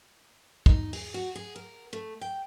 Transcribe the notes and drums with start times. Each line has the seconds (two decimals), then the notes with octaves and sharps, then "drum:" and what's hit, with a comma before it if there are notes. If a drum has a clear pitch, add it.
0.66 D#4, drum: kick
0.93 G#4, drum: open hi-hat
1.14 F#4
1.35 G#4
1.56 A#4
1.93 A3
2.21 G5